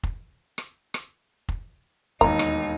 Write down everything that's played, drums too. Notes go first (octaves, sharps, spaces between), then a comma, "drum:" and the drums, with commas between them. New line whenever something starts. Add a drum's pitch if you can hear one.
drum: kick F1
drum: rim click
drum: rim click
drum: kick F1
E1 D#2 D#4 A#5, drum: kick F1
drum: rim click